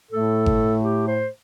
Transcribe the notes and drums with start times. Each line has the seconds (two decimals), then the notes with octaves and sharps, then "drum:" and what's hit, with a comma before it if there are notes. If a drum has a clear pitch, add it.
0.10 A2 A3 A4
0.46 drum: kick G1
0.82 G4
1.06 C5